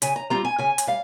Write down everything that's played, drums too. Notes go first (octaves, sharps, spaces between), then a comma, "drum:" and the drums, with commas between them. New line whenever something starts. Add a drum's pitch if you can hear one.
C#3 G#5, drum: hi-hat
A#5
G3 C4 F4 A#5
G#5
C#3 G#5
drum: hi-hat
G3 F5